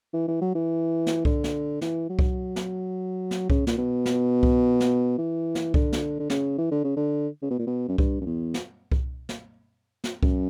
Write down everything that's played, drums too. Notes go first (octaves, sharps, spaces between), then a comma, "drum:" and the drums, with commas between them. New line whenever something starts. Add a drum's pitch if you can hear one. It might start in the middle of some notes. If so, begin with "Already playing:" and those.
E3
E3
F#3
E3
drum: snare
D3, drum: kick C2
drum: snare
E3, drum: snare
F#3
drum: kick C2
drum: snare
drum: snare
C#3, drum: kick C2
A#2, drum: snare
B2
drum: snare
drum: kick C2
drum: snare
E3
drum: snare
D3, drum: kick C2
drum: snare
D3
C#3, drum: snare
E3
D3
C#3
D3
C#3
B2
A#2
B2
F#2
G2, drum: kick C2
F#2
E2
drum: snare
drum: kick C2
drum: snare
drum: snare
F#2, drum: kick C2